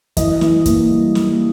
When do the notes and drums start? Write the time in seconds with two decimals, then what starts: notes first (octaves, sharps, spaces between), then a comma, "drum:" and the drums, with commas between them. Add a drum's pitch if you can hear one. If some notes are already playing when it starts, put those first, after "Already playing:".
0.17 E3 D#5, drum: kick, hi-hat
0.41 E3, drum: snare
0.66 A#3, drum: kick, hi-hat
0.91 G3
1.15 A#3, drum: snare